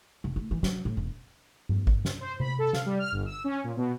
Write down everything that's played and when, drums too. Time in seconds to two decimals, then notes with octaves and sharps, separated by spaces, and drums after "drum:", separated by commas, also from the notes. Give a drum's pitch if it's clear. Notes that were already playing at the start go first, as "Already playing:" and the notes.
0.24 F1
0.36 A2
0.51 E3
0.63 F#3, drum: snare
0.85 A2
0.97 E1
1.69 drum: tom G2
1.87 drum: kick
2.05 drum: snare
2.21 C5
2.40 B5, drum: tom C3
2.59 A4
2.73 F5, drum: snare
2.86 G3
2.99 F6
3.12 G1
3.26 E6
3.44 C#4
3.64 A#2
3.77 B2